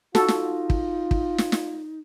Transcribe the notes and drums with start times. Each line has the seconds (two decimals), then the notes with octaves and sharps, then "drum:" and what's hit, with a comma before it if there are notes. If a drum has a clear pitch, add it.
0.15 D#4 F4 F#4 A4, drum: snare
0.28 drum: snare
0.70 drum: kick
1.11 drum: kick
1.38 drum: snare
1.52 drum: snare